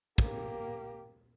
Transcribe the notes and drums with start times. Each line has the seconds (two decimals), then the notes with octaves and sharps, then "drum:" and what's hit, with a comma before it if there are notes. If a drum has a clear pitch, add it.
0.18 A#3 G4, drum: kick